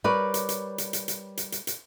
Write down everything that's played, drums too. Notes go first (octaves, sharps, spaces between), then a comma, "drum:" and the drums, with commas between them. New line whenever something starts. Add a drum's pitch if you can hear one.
G3 A#4 B4 C#5 D5
drum: hi-hat
drum: hi-hat
drum: hi-hat
drum: hi-hat
drum: hi-hat
drum: hi-hat
drum: hi-hat
drum: hi-hat